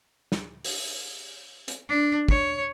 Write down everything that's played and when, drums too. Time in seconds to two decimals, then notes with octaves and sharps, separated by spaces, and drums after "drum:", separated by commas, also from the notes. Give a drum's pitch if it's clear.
0.32 drum: snare
0.65 drum: open hi-hat
1.68 drum: hi-hat
1.88 D4
2.29 C#5, drum: kick